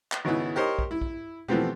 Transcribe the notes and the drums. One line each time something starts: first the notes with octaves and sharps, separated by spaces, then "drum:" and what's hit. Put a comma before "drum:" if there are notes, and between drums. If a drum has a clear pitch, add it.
drum: clap
G#1 C#3 B3 E4
G4 A#4 C5 C#5 D#5
drum: kick
E4
drum: kick
E3 F3 A3 B3 C4 G4, drum: tom